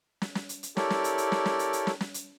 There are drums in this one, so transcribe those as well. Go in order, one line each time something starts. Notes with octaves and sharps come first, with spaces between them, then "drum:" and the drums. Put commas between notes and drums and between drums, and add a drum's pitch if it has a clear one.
drum: snare
drum: snare
drum: hi-hat
drum: hi-hat
E4 G4 A4 A#4 C#5 D5, drum: snare
drum: snare
drum: hi-hat
drum: hi-hat
drum: snare
drum: snare
drum: hi-hat
drum: hi-hat
drum: snare
drum: snare
drum: hi-hat